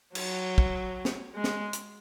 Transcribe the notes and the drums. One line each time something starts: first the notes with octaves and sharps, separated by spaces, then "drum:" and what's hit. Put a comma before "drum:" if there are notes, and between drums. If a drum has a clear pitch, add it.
F#3, drum: cymbal
drum: kick
drum: snare
G#3
drum: snare
drum: hi-hat